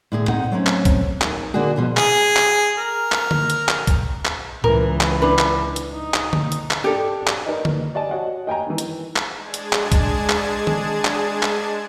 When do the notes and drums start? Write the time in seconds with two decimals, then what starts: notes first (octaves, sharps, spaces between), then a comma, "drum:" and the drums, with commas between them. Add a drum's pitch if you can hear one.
0.12 A2 D3 G#4
0.28 C4 D#4 F#5, drum: tom A2
0.52 F#3 A3 C4 C#4
0.66 drum: clap
0.85 drum: kick, hi-hat
1.21 D#2, drum: clap
1.54 D3 A#3 D4 F#4 G#4
1.76 F2 B2 F3
1.97 G#4, drum: clap
2.36 drum: clap
2.78 A#4
3.12 drum: clap
3.31 drum: tom D3
3.50 drum: hi-hat
3.69 drum: clap
3.87 drum: kick, hi-hat
4.25 drum: clap
4.64 C#2 E3 A#4, drum: tom A2
5.01 drum: clap
5.22 D4 B4
5.38 drum: clap
5.76 drum: hi-hat
5.94 D#4
6.14 drum: clap
6.33 drum: tom D3
6.52 drum: hi-hat
6.71 drum: clap
6.84 D4 G4 A4
7.27 drum: clap
7.46 D#4 A#4 B4 D5 D#5
7.65 drum: tom D3
7.95 D5 D#5 G#5 A5
8.11 F#4 C#5 D#5 F#5
8.47 D#5 G5 G#5 A#5
8.67 D#3 E3
8.78 drum: hi-hat
9.16 drum: clap
9.32 G#3 D4 G#4 A5 G#6
9.54 drum: hi-hat
9.73 drum: clap
9.92 drum: kick, hi-hat
10.29 drum: clap
10.67 drum: tom D#3
11.05 drum: clap
11.43 drum: clap